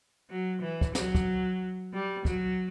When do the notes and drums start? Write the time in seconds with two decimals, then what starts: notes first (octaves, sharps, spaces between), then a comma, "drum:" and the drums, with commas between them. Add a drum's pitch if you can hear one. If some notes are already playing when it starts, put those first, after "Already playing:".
0.30 F#3
0.62 E3
0.81 drum: kick
0.95 F#3, drum: snare
1.15 drum: kick
1.93 G3
2.25 F#3, drum: kick